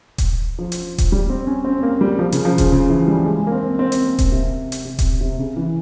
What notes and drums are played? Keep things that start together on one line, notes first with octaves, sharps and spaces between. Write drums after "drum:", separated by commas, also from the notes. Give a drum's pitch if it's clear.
drum: kick D#1, hi-hat
F3
drum: hi-hat
drum: kick D#1, hi-hat
G3
C4
C#4
C4
A#3
G3
F3
C#3, drum: hi-hat
F3
C#3, drum: kick D#1, hi-hat
C#3
E3
G3
G#3
A#3
C4
C4
drum: hi-hat
A#3
drum: kick D#1, hi-hat
C3
drum: hi-hat
C3
drum: kick D#1, hi-hat
C3
C#3
E3